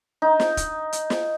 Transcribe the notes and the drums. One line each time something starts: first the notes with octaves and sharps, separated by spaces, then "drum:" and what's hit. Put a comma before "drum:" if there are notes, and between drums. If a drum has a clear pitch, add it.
D#4
drum: snare
drum: kick, hi-hat
drum: hi-hat
drum: snare